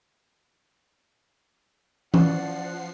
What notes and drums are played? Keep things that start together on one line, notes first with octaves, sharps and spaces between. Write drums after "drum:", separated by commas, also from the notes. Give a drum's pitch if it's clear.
F3 C#4 E4 B4 D5 F#5 C7, drum: tom E3